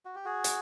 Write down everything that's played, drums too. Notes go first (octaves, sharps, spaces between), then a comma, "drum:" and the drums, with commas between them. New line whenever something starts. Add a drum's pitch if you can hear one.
F#4
G4
F#4 G#4
drum: hi-hat